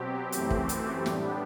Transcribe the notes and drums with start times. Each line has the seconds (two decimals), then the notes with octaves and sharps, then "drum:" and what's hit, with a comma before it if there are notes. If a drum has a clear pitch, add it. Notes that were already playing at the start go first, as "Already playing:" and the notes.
Already playing: B2 F#3 C4 G4
0.32 F#2 E3 A3 C4, drum: hi-hat
0.51 drum: kick
0.69 drum: hi-hat
1.06 A2 G3 B3 D4, drum: snare